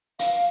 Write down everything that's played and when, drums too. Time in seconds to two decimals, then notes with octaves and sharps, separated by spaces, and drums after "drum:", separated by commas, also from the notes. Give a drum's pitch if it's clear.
0.19 F5, drum: hi-hat